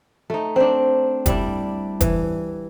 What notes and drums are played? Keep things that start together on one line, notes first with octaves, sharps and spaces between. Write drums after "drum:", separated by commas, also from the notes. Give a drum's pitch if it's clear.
A3 D#4
C4 D4
G3 D4 E4, drum: kick F1, hi-hat
E3, drum: kick F1, hi-hat